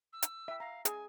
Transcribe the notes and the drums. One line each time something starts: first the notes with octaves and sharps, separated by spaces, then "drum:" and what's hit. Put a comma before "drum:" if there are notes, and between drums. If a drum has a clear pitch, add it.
E6
drum: hi-hat
E5 G5
F5 A#5
G#4 G#5, drum: hi-hat